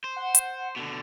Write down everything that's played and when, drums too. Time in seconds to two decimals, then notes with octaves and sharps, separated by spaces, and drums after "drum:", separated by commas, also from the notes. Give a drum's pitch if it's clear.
0.04 C5
0.16 F#5
0.35 drum: hi-hat
0.76 B2 D3